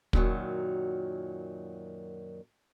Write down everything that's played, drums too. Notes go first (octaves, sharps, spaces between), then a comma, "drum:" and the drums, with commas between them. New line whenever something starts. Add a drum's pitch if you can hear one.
F#2 A#2 D#3 E3 F#3, drum: kick